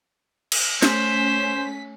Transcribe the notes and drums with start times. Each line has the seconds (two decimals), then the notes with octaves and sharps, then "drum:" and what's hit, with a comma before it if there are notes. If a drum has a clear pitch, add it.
0.52 drum: cymbal
0.82 A3 C#4 C5 B6, drum: snare